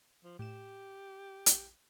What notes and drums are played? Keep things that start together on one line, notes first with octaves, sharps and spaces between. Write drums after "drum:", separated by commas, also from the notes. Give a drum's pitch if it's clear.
F3
A2 G4 E7
drum: hi-hat